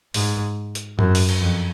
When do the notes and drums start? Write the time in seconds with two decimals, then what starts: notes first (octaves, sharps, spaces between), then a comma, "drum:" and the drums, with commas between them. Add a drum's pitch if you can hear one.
0.14 G#2, drum: open hi-hat
0.75 drum: hi-hat
0.99 F#2, drum: tom G#2
1.15 drum: open hi-hat
1.29 drum: cymbal
1.41 F2